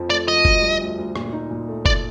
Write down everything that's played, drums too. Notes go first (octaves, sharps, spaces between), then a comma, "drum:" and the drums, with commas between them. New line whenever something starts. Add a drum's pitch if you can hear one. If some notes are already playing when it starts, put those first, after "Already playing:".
Already playing: F2 F3
A3 D5
F3 D#5
D2, drum: kick
G3
D2
D2
A#2, drum: rim click
D#4
A#2
A3
D5, drum: kick